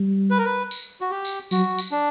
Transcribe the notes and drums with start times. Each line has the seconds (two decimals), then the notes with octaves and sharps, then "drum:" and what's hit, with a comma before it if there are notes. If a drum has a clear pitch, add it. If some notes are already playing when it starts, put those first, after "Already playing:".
Already playing: G3
0.31 B4
0.38 A#4
0.45 B4
0.71 drum: tambourine
1.01 F#4
1.11 G4
1.25 drum: tambourine
1.51 F#3 F#4, drum: tambourine
1.79 drum: tambourine
1.92 D4